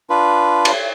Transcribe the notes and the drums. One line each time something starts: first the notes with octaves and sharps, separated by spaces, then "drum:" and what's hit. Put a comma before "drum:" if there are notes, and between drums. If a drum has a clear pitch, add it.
D4 F4 B4
drum: cymbal